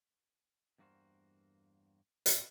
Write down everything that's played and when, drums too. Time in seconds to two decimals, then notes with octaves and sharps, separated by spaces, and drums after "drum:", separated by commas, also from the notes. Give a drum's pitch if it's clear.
0.78 E2 G2 A#3 F#4 A#4 C5
2.26 drum: hi-hat